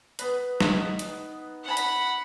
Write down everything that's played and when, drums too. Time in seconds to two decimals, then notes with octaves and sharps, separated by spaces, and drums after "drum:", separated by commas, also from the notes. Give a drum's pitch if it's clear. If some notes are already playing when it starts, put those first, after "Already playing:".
0.19 B3 B4, drum: hi-hat
0.60 B3 D#4, drum: snare
0.99 drum: hi-hat
1.64 F#5 B5
1.77 drum: hi-hat